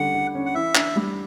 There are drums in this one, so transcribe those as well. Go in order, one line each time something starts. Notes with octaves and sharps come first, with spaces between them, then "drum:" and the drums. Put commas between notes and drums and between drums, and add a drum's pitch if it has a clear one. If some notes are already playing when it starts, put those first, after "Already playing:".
Already playing: D3 G3 C#4 F#5
D3
C#4
F#5
E3 E5
D4, drum: clap
G3